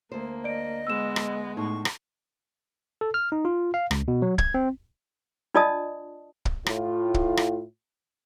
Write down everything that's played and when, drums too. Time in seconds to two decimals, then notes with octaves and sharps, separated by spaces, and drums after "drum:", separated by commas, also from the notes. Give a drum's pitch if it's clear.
0.12 D2 A#3 C5
0.44 D5 D#5 D7
0.87 G#3 B3 E6 E7
1.16 drum: rim click
1.57 A2 D#4 C#6
1.85 drum: rim click
3.01 A4
3.14 F6
3.32 D#4
3.45 F4
3.74 F5
3.91 C#2, drum: rim click
4.08 B2
4.22 F#3
4.38 G#6, drum: kick
4.54 C4
5.54 D4 F4 D5 D#5 A5 D#6
6.45 drum: kick
6.66 A2 F4, drum: rim click
7.14 drum: kick
7.37 drum: rim click